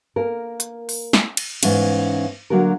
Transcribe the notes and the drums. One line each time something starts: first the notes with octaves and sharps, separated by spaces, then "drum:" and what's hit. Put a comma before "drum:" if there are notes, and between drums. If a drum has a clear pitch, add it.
A#3 A#4
drum: hi-hat
drum: open hi-hat
drum: snare
drum: cymbal
G#2 E3 B3 C#4 F5, drum: cymbal
D3 F#3 A#3 F#4 A#4